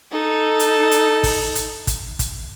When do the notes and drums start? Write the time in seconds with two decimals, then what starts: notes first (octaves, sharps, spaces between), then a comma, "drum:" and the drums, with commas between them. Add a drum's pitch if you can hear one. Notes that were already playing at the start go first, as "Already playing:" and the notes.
0.12 D#4 A4
0.59 drum: hi-hat
0.91 drum: hi-hat
1.23 drum: kick, open hi-hat
1.55 drum: hi-hat
1.87 drum: kick, hi-hat
2.19 drum: kick, hi-hat